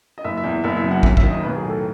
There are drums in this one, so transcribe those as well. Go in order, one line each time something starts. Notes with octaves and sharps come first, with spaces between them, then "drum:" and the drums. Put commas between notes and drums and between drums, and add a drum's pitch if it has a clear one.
D#5
F#1 E5
E5
E2
E5
F#1 E5
E5
F#2
F#5
D#2 E5, drum: kick
E5, drum: kick
D#3
D#5
B1 B4
G#4
A2
A4